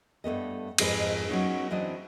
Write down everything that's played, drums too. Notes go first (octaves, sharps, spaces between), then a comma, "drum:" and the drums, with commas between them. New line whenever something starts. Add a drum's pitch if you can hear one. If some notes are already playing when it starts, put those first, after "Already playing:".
G2 A3 B3 D#5
F2 G#2 G#3 F4 B4 D#5, drum: cymbal
F#3 B3 C#4 D#4
E3 F#3 C4 D4 E4 D#5